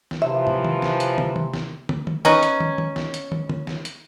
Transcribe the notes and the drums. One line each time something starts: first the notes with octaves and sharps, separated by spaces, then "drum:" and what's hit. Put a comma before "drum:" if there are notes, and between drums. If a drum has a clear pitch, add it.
drum: snare
F#2 C3 E3 F3 E5
drum: tom
drum: tom
drum: snare
drum: hi-hat
drum: tom
drum: tom
drum: snare
drum: tom
drum: tom
C#4 D#4 B4 A#5, drum: snare
drum: hi-hat
drum: tom
drum: tom
drum: snare
drum: hi-hat
drum: tom
drum: tom
drum: snare
drum: hi-hat